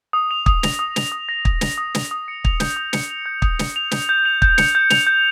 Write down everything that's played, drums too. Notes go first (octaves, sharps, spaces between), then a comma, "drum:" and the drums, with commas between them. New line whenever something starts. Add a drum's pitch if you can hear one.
D#6
F7
D#6, drum: kick
A#6, drum: snare
D#6
F7, drum: snare
D#6
A#6
D#6, drum: kick
F7, drum: snare
D#6
A#6, drum: snare
D#6
C#7
F7, drum: kick
G6, drum: snare
D#6
C#7, drum: snare
F7
G6
D#6, drum: kick
C#7, drum: snare
F7
G6, drum: snare
G6
F7
G6, drum: kick
C#7, drum: snare
G6
F7, drum: snare
G6